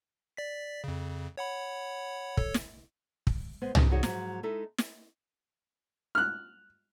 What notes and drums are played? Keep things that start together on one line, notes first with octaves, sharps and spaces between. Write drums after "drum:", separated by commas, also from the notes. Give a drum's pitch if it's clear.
D5 B6
F2 C#3
C#5 F#5 B5
A4 C#5, drum: kick
drum: snare
drum: kick
G#3 B3 C5
F3 C#4 D#4 G4, drum: tom
G3 C4 D#4 F#4 G#4 C#5
G#2 F3 F#3, drum: snare
G#3 D#4 E4 A4 E5
drum: snare
F6 F#6